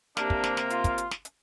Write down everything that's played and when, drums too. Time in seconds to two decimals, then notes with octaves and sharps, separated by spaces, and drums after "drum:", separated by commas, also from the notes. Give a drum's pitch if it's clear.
0.17 C3 A#3 D4, drum: snare
0.30 drum: kick
0.44 drum: snare
0.57 drum: snare
0.70 F4, drum: hi-hat
0.84 drum: kick, hi-hat
0.98 drum: hi-hat
1.11 drum: snare
1.25 drum: hi-hat